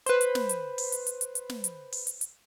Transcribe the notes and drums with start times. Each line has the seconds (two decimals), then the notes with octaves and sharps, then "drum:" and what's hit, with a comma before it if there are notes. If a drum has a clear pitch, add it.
0.06 B4 C5, drum: hi-hat
0.21 drum: hi-hat
0.35 drum: snare
0.49 drum: hi-hat
0.78 drum: open hi-hat
0.92 drum: hi-hat
1.07 drum: hi-hat
1.21 drum: hi-hat
1.35 drum: hi-hat
1.49 drum: snare
1.64 drum: hi-hat
1.92 drum: open hi-hat
2.07 drum: hi-hat
2.21 drum: hi-hat